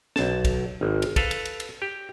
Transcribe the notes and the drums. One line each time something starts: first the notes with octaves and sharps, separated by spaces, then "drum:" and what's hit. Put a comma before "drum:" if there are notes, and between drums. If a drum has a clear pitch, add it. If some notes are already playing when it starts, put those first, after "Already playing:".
B1 A5, drum: snare
drum: kick, cymbal
G#1
drum: cymbal
A4 B4 F5, drum: kick, cymbal
drum: cymbal
drum: cymbal
drum: cymbal
G4